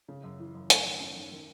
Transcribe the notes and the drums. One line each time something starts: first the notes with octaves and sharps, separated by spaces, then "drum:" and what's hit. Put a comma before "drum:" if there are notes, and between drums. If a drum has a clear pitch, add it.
C#3
F#2
E3
F#2
A3, drum: hi-hat
D#3
C#4
D#3
D#3